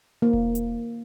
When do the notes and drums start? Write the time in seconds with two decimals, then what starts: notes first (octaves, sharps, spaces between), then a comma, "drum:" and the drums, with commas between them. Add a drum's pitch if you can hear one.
0.22 A#3
0.33 drum: kick E1
0.55 drum: hi-hat